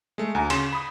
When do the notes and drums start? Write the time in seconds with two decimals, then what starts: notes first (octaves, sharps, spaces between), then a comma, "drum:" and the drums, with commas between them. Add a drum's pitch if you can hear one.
0.18 G#3 A3
0.35 D2 G#5 A#5
0.50 C#3 C6 E7, drum: cymbal
0.73 B5 D#6